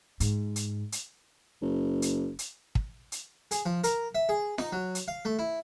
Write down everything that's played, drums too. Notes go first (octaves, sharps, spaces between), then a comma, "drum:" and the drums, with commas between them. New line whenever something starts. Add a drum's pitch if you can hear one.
G#2, drum: hi-hat
drum: hi-hat
drum: hi-hat
F#1
drum: hi-hat
drum: hi-hat
drum: kick
drum: hi-hat
G#4, drum: hi-hat
F3
A#4, drum: hi-hat
E5
G#4
D#4, drum: snare F4
F#3
drum: hi-hat
F5
A3
E4